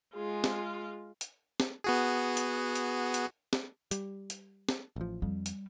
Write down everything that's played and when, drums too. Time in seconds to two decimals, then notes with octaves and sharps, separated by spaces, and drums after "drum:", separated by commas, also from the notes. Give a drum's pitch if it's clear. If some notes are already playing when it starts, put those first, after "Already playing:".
0.14 G#3 F4 G#4
0.44 drum: snare
1.21 drum: hi-hat
1.60 drum: snare
1.84 B3 F#4 G#4
2.37 drum: hi-hat
2.75 drum: hi-hat
3.14 drum: hi-hat
3.53 drum: snare
3.91 G3, drum: hi-hat
4.30 drum: hi-hat
4.69 drum: snare
4.96 A1 F3
5.22 F2 G3
5.46 drum: hi-hat